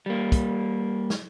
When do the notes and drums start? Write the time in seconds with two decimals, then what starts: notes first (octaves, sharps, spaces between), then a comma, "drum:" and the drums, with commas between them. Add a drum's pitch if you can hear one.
0.06 G3 A#3
0.32 drum: kick, hi-hat
1.10 drum: snare